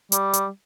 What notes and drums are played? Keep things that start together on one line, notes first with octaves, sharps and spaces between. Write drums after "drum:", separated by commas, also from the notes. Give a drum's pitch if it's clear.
G3, drum: hi-hat
drum: hi-hat